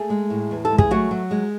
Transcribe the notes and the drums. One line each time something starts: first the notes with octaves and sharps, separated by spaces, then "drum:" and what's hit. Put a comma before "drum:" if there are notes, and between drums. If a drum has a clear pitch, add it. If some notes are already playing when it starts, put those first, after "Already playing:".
Already playing: A3 G#4
G#3
A2
E2
A4
G#3
G#4, drum: kick
F#3 A3 F#4
F#3
G#3